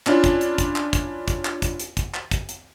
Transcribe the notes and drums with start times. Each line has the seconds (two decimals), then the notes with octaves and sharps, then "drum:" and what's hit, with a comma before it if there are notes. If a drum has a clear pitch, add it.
0.06 C#4 D4 E4 F4, drum: clap
0.24 drum: kick, hi-hat
0.41 drum: hi-hat
0.58 drum: kick, hi-hat
0.76 drum: clap
0.93 drum: kick, hi-hat
1.28 drum: kick, hi-hat
1.45 drum: clap
1.62 drum: kick, hi-hat
1.80 drum: hi-hat
1.97 drum: kick, hi-hat
2.14 drum: clap
2.31 drum: kick, hi-hat
2.49 drum: hi-hat